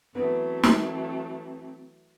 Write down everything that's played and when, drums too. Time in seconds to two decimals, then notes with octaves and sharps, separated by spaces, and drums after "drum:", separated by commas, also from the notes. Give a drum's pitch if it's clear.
0.15 E3 F#3 A3 B3 C4
0.63 drum: snare